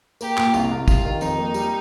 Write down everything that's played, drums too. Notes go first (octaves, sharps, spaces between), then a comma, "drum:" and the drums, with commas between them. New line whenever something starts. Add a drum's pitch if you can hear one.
A#3 G4, drum: tambourine
A#2, drum: clap
C2 F4, drum: tambourine
C2
G3 F4, drum: kick, tambourine
D#3
F2 D#4, drum: tambourine
A#3
G3, drum: tambourine